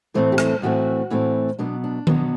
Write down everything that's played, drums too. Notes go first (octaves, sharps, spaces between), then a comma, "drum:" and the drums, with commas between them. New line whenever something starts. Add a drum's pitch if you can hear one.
A2 E3 A3 C4 C5
G4
A4, drum: rim click
A2 E3 A3 C4 F#4
A2 E3 A3 C4
B2 F#3 B3 D4
D4
B2 F#3 B3, drum: tom D#3